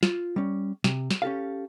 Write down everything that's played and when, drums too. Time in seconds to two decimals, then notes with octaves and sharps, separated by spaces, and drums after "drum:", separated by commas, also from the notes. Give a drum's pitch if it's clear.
0.03 F4, drum: snare
0.36 G3 C#4
0.84 C3, drum: snare
1.11 drum: snare
1.22 C#4 G4 A4 F5